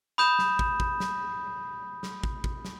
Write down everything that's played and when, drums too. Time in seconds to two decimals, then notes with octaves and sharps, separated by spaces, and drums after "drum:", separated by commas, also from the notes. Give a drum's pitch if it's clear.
0.18 B5 D#6 G6 E7
0.39 drum: snare
0.59 drum: kick
0.80 drum: kick
1.00 drum: snare
2.03 drum: snare
2.24 drum: kick
2.44 drum: kick
2.65 drum: snare